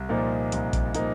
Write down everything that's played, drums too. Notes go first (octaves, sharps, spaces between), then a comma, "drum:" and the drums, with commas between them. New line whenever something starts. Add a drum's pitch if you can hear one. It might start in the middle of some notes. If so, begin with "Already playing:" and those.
Already playing: C2
A#2 F3 A#3 D#4
C2, drum: hi-hat
drum: kick A#1, hi-hat
F3 A#3 D#4, drum: hi-hat